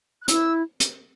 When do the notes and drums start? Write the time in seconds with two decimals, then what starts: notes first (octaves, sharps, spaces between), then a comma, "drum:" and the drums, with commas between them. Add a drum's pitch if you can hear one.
0.23 F#6
0.28 E4 E6, drum: hi-hat
0.80 drum: hi-hat